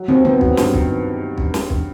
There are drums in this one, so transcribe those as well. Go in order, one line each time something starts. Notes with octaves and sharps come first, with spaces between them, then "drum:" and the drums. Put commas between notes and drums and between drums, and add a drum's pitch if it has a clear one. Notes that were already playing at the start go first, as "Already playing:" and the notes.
Already playing: F#3
D#2 C4
D#3 B3
F#3, drum: kick
G2, drum: snare
D#3, drum: kick
drum: kick
drum: snare
drum: kick